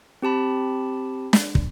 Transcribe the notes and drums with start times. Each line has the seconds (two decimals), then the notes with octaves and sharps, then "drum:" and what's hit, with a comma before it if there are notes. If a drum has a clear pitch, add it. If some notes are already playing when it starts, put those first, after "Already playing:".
0.22 C4 G4 A5 B5
1.33 drum: snare
1.55 drum: kick